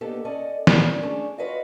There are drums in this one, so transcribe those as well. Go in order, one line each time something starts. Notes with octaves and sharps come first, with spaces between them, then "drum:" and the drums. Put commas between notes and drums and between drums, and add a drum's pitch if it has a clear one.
A#3 B3 D4 D#4 G4 A4
C#4 A4 D5 D#5
A#2 A#4 D5, drum: snare
A3 C#4
A3 C#4 D4 G#4
F4 F#4 B4 C#5 D#5 F5